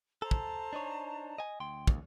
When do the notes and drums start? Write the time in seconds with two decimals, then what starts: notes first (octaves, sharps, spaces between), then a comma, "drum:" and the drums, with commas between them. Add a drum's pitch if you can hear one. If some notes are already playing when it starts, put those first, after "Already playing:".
0.22 A4 C5 A5 A#5
0.31 drum: kick
0.73 D4 D#4 C#5
1.38 D#5 G#5
1.60 D2 G5 C6
1.87 D2, drum: kick